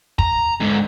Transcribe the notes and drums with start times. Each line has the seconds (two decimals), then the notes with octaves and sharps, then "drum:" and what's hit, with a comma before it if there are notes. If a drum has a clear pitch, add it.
0.19 A#5, drum: kick
0.60 G#2 D3